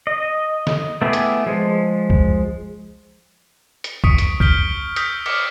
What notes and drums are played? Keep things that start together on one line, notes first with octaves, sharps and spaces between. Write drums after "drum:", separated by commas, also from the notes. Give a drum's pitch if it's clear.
D#5
drum: snare
A3 B3 E4 G4 G#4
drum: hi-hat
F3 G#3
drum: kick
drum: hi-hat
C#6 D#6 B6 C#7 D7, drum: kick
drum: hi-hat
F6 G6 B6 D7 G7, drum: kick
D#6 E6 G6 A#6 B6, drum: hi-hat
D6 F6 B6 C#7, drum: cymbal